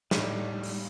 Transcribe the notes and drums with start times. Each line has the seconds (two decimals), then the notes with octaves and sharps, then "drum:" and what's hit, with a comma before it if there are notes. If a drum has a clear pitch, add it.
0.11 A2 G3 D#4, drum: snare
0.63 drum: open hi-hat